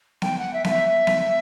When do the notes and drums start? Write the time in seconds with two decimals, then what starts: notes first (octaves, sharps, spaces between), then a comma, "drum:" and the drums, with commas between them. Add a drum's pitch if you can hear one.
0.22 G5, drum: snare B3
0.38 F#5
0.53 E5
0.64 F5, drum: snare B3
0.69 E5
1.07 drum: snare B3